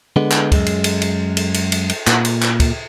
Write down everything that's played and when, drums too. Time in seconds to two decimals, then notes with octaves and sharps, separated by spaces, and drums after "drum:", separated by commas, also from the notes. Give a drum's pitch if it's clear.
0.16 D3 G#3 B3
0.31 drum: clap
0.52 F#2 G#3, drum: kick, cymbal
0.66 drum: cymbal
0.84 drum: cymbal
1.02 drum: cymbal
1.37 drum: cymbal
1.54 drum: cymbal
1.72 drum: cymbal
1.90 drum: cymbal
2.07 A#2, drum: clap
2.25 drum: cymbal
2.42 drum: clap
2.60 drum: kick, cymbal